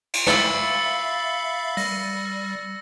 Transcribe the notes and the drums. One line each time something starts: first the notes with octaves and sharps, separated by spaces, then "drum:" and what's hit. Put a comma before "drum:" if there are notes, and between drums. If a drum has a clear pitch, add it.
drum: cymbal
E5 F5 B5 E6 A6 C#7, drum: snare
G3 A#6, drum: open hi-hat